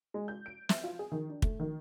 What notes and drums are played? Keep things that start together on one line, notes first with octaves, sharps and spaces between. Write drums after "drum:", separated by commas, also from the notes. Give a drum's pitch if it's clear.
G#3
G6
D7
E5, drum: snare
F4
G#4
D#3
D4
A3, drum: kick
D#3